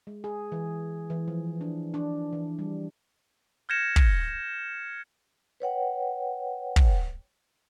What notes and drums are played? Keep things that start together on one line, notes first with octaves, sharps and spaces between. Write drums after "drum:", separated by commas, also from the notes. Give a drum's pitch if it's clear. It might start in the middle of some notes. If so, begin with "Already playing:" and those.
G#3
G#4
E3
E3
F3
D4
D4
E3
G3
F6 G6 G#6 A#6 C#7 E7
drum: kick
B4 C#5 F#5 G5
drum: kick